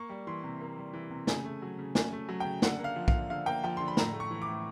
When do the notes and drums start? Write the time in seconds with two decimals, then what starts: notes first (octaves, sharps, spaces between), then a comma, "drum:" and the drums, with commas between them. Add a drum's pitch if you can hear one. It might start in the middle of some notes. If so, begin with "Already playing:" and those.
Already playing: A#3 C#6
0.09 G3
0.27 E3 C6
0.43 C3
0.61 A#3
0.78 G3
0.93 E3
1.11 C3
1.27 C#3 G#5, drum: snare
1.44 A3
1.62 F#3
1.79 C#3
1.95 C#3 G#5, drum: snare
2.13 A3
2.29 F#3
2.40 C#3 G5
2.62 D3 F#5, drum: snare
2.79 A#3
2.84 F5
2.96 F3
3.08 F5, drum: kick
3.14 D3
3.30 D3 F5
3.46 A#3 G5
3.64 F3 G5
3.77 D3 C6
3.88 B5
3.97 A2 A#5, drum: snare
4.13 A3
4.20 C#6
4.31 E3
4.42 D6
4.48 A2